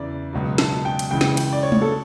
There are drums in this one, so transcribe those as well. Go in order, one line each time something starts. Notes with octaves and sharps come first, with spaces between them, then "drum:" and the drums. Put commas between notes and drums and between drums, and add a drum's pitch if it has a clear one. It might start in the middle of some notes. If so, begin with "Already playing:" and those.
Already playing: E2 C#3 E3 D5
C#2 B2 F#3
A5, drum: snare
G5
drum: hi-hat
C#2 C#3 E3 G5
drum: snare
G5, drum: cymbal
D5
C#5
drum: tom
A4